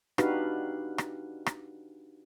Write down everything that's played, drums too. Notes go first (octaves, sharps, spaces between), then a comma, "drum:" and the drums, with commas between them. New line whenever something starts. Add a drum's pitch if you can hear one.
D4 D#4 F#4 G4 B4 F5, drum: rim click
drum: rim click
drum: rim click